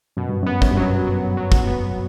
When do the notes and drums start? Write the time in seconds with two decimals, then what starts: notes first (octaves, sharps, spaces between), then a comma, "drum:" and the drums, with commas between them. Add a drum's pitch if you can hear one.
0.17 F#2 B2
0.29 G2
0.43 F#2 B3
0.62 F#2, drum: kick
0.71 G2
0.77 F#2 F#3
1.07 F#3
1.37 F#3
1.52 drum: kick
1.67 B3